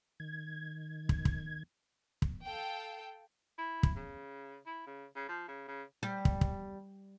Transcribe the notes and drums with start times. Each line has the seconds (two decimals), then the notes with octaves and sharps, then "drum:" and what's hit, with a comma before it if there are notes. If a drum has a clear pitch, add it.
0.20 D#3 G#6
1.09 drum: kick
1.25 drum: kick
2.22 drum: kick
2.44 A4 F5 G5
3.58 E4
3.83 drum: kick
3.96 C#3
4.66 E4
4.87 C#3
5.16 C#3
5.28 F3
5.48 C#3
5.68 C#3
6.03 G3
6.25 drum: kick
6.41 drum: kick